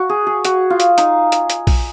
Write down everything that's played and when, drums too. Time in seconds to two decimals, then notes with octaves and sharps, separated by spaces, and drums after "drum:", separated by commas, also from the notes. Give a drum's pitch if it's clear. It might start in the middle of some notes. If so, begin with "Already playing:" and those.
Already playing: F#4
0.10 G#4
0.27 G#4
0.45 F#4, drum: hi-hat
0.70 F4
0.80 drum: hi-hat
0.98 D#4, drum: hi-hat
1.32 drum: hi-hat
1.50 drum: hi-hat
1.67 drum: kick A#1, open hi-hat